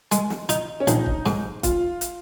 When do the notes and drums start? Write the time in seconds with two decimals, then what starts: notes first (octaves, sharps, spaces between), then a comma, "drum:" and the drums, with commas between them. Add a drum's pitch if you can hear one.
0.12 G#3, drum: hi-hat
0.30 drum: snare
0.49 D#4, drum: hi-hat
0.80 C#4
0.87 A#1 D#4, drum: hi-hat
1.06 drum: kick
1.26 G#2, drum: snare
1.63 F4, drum: kick, hi-hat
2.01 drum: hi-hat